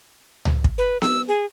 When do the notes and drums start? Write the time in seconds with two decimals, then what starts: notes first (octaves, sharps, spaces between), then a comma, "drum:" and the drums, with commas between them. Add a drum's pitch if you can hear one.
0.45 drum: tom C#2
0.64 drum: kick
0.78 B4
1.02 E6, drum: snare B3
1.28 G#4